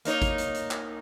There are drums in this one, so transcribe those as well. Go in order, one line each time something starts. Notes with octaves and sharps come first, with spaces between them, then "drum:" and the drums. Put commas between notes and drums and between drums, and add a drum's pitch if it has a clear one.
A#3 D#4 C#5, drum: hi-hat
drum: kick G#1, hi-hat
drum: hi-hat
drum: hi-hat
drum: clap